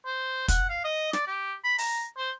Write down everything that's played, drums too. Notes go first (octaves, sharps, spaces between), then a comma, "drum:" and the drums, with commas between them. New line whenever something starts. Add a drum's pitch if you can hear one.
C5
F#5, drum: kick, hi-hat
F5
D#5
D5, drum: snare
G4
B5
A#5, drum: open hi-hat
C5